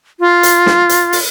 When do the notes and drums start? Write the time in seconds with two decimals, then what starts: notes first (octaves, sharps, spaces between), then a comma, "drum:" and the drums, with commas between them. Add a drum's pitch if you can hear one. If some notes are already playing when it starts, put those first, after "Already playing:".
0.20 F4
0.43 drum: hi-hat
0.66 drum: snare
0.89 drum: hi-hat
1.13 drum: open hi-hat